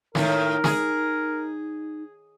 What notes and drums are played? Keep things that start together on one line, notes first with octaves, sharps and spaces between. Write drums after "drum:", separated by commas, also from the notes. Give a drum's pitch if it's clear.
A2 D#3 D#4 A#4, drum: snare
G#4, drum: snare